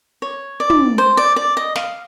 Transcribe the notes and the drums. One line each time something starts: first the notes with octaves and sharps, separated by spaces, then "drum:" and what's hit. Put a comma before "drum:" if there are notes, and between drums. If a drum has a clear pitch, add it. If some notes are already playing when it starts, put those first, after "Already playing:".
C#5
D5
drum: tom
C5
D5
D5
D#5
F5, drum: snare